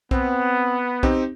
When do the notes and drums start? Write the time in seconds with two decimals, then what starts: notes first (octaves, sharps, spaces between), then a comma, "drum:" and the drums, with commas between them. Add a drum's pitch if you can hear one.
0.11 B3 C4, drum: kick
1.03 C4 D#4 G4, drum: kick